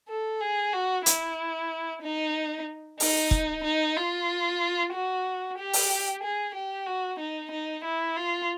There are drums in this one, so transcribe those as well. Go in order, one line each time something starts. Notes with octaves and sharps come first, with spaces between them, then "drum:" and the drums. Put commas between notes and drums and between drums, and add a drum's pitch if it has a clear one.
A4
G#4
F#4
E4, drum: hi-hat
D#4
D#4, drum: open hi-hat
drum: kick
D#4
F4
F#4
G4
drum: open hi-hat
G#4
G4
F#4
D#4
D#4
E4
F4